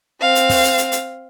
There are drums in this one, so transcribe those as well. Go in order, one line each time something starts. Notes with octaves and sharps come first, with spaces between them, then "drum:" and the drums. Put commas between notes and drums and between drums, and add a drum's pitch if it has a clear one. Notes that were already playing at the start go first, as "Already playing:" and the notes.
C4 F5
drum: hi-hat
drum: kick, open hi-hat
drum: hi-hat
drum: hi-hat
drum: hi-hat